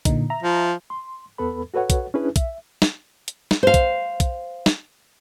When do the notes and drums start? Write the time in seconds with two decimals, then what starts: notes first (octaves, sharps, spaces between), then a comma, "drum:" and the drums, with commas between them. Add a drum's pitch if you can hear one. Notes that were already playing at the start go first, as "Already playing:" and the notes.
0.05 A#2 D3 D#4, drum: kick, hi-hat
0.30 E5 A#5
0.43 F3
0.90 C6
1.38 E2 B3 A4 B4 B5
1.74 F#4 A4 B4 C#5 F#5
1.90 drum: kick, hi-hat
2.14 C#4 D4 E4 G#4 B4
2.36 E5, drum: kick, hi-hat
2.82 drum: snare
3.28 drum: hi-hat
3.51 drum: snare
3.63 C5 F5
3.74 drum: kick, hi-hat
4.20 drum: kick, hi-hat
4.66 drum: snare